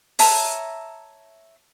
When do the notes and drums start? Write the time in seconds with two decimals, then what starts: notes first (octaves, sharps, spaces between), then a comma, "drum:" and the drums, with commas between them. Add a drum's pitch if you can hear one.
0.19 C#5 E5 A5 A#5, drum: open hi-hat